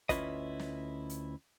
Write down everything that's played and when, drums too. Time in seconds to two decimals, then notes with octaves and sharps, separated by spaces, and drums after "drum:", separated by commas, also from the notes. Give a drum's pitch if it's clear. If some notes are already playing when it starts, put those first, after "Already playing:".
0.09 D2 C#4 E4 F4 B4 D#5, drum: kick, hi-hat
0.59 drum: snare
1.09 drum: hi-hat